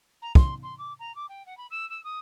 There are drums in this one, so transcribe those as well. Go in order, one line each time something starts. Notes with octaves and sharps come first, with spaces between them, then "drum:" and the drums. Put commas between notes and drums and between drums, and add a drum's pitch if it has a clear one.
A#5
C6, drum: kick
C6
D6
A#5
D6
G5
F#5
B5
E6
E6
D#6